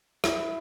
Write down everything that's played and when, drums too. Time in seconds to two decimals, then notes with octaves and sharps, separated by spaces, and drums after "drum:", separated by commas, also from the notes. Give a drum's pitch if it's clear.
0.24 E4, drum: rim click